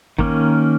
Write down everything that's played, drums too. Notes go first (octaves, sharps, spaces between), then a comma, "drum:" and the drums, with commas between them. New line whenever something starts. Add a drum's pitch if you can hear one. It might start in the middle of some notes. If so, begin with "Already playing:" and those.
D#3 A#3 C#4, drum: kick G#1